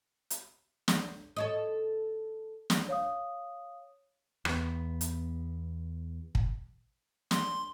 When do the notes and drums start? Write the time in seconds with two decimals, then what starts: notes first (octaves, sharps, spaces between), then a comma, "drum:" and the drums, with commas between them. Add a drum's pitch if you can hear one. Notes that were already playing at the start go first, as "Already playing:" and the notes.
0.30 drum: hi-hat
0.88 drum: snare
1.36 A4 C#5 D#5
2.70 drum: snare
2.89 C#5 F5 D#6
4.45 E2 B3, drum: rim click
5.01 drum: hi-hat
6.35 drum: kick
7.31 C6, drum: snare